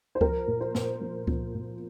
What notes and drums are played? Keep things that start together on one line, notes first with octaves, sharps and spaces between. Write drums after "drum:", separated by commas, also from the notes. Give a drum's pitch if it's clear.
C5
F3 A#4, drum: kick C#2
A#2
C5
A#2, drum: snare
F3
F3, drum: kick C#2
A#2